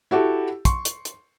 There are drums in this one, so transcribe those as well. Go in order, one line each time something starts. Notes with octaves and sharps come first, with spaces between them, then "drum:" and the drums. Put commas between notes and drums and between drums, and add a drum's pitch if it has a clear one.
E4 F#4 G4 A4
C6 C#6, drum: kick, hi-hat
drum: hi-hat
drum: hi-hat